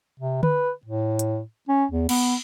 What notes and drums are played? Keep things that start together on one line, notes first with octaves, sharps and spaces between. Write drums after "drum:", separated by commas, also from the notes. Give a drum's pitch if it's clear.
C3
B4, drum: tom D3
A2
drum: hi-hat
C#4
E2
B3, drum: cymbal